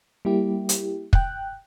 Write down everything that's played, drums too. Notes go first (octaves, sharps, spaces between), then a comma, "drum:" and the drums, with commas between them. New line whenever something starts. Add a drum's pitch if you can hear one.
G3 A#3 E4 G4
drum: hi-hat
G5 F#6, drum: kick